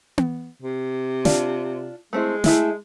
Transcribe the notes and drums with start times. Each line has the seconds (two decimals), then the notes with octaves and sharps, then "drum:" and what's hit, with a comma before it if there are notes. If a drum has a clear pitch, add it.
0.18 drum: tom B3
0.62 C3
1.25 D4 F4, drum: snare
2.13 G#3 A3 C4 E4
2.44 A3 E4 G#4, drum: snare